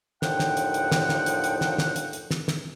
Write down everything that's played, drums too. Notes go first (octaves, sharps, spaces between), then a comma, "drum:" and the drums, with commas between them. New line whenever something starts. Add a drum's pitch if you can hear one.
D#2 A2 D3 F3 F#5 G5, drum: snare
drum: snare
drum: hi-hat
drum: hi-hat
drum: snare
drum: snare
drum: hi-hat
drum: hi-hat
drum: snare
drum: snare
drum: hi-hat
drum: hi-hat
drum: snare
drum: snare